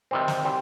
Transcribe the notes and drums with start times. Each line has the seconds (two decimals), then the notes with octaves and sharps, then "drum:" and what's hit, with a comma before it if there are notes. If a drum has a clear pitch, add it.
0.11 C3 D#3 G3 C4
0.28 drum: snare
0.45 G3 C4